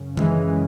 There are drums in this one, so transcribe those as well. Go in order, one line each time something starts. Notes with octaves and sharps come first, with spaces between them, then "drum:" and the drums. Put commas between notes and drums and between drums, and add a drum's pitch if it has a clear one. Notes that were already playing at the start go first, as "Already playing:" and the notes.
Already playing: F#2 C#3
E3 G#3, drum: tom D#3